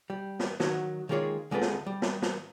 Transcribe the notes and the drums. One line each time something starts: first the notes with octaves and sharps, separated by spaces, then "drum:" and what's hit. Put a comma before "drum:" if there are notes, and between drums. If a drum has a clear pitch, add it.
G3
drum: snare
D#3 F#3 F#4, drum: snare
D#3 G#3 A#3 F4 G#4 C#5
D2 G#3 C4 F4 A4 B4
drum: snare
G3
drum: snare
drum: snare